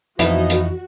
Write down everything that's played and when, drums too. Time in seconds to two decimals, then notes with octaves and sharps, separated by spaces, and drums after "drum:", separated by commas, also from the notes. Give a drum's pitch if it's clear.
0.19 F2 E3 F3 B3 D#4 E4 F#4, drum: hi-hat
0.50 drum: hi-hat